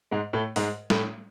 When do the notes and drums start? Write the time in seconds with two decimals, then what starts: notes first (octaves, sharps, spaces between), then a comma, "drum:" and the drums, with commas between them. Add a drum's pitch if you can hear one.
0.11 G#2 G#3
0.33 A2 A3
0.56 G#2 G#3, drum: open hi-hat
0.90 A2 A3, drum: snare